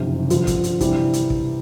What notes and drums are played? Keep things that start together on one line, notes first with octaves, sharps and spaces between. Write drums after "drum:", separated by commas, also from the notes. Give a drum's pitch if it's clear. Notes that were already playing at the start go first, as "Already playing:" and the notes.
Already playing: F#1 F2 C3 D#3
G2 D3 F3, drum: hi-hat
drum: kick, hi-hat
drum: hi-hat
C3 E3 G3, drum: kick, hi-hat
drum: hi-hat
drum: kick